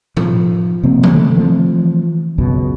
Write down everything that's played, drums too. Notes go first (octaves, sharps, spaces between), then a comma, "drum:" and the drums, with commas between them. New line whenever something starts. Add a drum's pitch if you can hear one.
F3, drum: tom A2
C3 F3 A#3 C4
drum: tom E3
D3 D#3 A3
E3 F3 A3 C4
C#2 F#2 B2